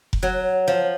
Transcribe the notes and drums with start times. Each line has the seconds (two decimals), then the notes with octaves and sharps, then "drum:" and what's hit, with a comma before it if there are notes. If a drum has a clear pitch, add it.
0.13 drum: kick F1
0.23 F#3
0.68 F3